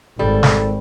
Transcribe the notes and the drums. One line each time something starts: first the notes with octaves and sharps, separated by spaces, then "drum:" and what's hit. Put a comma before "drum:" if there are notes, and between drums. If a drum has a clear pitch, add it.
G#1 G3 A4
drum: snare